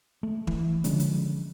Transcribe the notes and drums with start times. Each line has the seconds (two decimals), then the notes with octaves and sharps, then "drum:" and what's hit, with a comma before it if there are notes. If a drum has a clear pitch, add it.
0.23 A3
0.47 E3, drum: kick E1
0.84 D3 F3 G#3 C#4, drum: hi-hat
1.00 drum: hi-hat